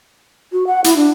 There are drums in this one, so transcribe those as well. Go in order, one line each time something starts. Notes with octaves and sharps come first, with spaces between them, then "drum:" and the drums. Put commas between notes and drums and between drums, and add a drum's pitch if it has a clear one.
F#4
F#5
E4, drum: hi-hat
D4